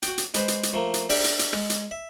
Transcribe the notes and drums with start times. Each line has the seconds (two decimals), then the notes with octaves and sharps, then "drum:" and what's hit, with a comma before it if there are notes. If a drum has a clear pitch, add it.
0.02 F#4 G5, drum: hi-hat
0.18 drum: hi-hat
0.34 G#3 B4 C5, drum: hi-hat
0.48 drum: hi-hat
0.63 drum: hi-hat
0.73 F3 A3 A#3
0.94 drum: hi-hat
1.09 D4 G4 D5 E5, drum: open hi-hat
1.24 drum: hi-hat
1.39 drum: hi-hat
1.53 G#3, drum: rim click
1.70 drum: hi-hat
1.91 E5